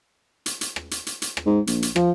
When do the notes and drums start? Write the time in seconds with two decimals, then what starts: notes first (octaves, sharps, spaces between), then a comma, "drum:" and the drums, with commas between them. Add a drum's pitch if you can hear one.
0.46 drum: hi-hat
0.61 drum: hi-hat
0.76 drum: rim click
0.91 drum: hi-hat
1.07 drum: hi-hat
1.22 drum: hi-hat
1.37 drum: rim click
1.46 G#2
1.67 A#1, drum: hi-hat
1.82 drum: hi-hat
1.96 F3, drum: rim click